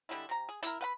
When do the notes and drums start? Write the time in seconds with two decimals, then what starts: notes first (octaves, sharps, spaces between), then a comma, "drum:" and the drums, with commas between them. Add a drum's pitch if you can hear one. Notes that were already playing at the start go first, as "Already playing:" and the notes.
0.09 D3 G3 G#3 E4
0.29 C3 A#5
0.49 G#4
0.63 E4 A#4, drum: hi-hat
0.81 B4 F#5 B5